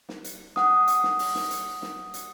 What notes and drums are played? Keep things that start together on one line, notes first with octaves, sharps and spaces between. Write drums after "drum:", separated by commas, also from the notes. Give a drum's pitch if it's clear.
drum: snare
drum: hi-hat
F#5 D#6, drum: snare
drum: hi-hat
drum: snare
drum: open hi-hat
drum: snare
drum: hi-hat
drum: snare
drum: hi-hat